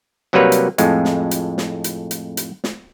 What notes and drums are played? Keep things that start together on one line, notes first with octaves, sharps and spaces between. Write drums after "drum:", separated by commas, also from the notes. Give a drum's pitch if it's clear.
C3 F#3 G3 A#3 B4 C#5
drum: hi-hat
F2 A2 G#3, drum: hi-hat
drum: snare
drum: hi-hat
drum: snare
drum: hi-hat
drum: hi-hat
drum: hi-hat
drum: snare